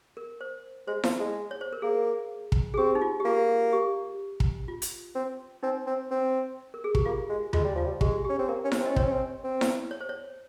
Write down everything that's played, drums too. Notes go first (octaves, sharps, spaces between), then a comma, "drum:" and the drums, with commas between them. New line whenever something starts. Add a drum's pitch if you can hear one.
A#4
C5
G#3 C5
F3, drum: snare E4
G#3
C#5
C5
A#4
A#3 G#4
drum: kick
G#4
C4 G4
D#4
F4
G4
A#3 F4
G4
drum: kick
F4
drum: hi-hat
C4
C4 D#4
C4
C4
A#4
G#4
G4, drum: kick
A#3 F4
G#3
G#3 F4, drum: tom D#2
G3
F3 F4
G3
G#3 G4, drum: kick
C#4 G4
C4
A#3 A#4
C#4
C5, drum: snare E4
C4
C#4 D#5
C4 C#5, drum: kick
C#4
C4
C4
drum: snare E4
C#5
C5
C#5